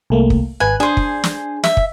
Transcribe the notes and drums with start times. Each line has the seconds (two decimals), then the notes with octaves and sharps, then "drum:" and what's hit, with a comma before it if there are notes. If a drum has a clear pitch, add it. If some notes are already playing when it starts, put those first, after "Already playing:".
0.10 C2 A3 A#3
0.30 drum: kick
0.60 G#1 B4 G#5 F#6
0.80 D4 G#4 C5 G#5
0.97 drum: kick
1.24 drum: snare
1.64 E5, drum: snare
1.77 drum: kick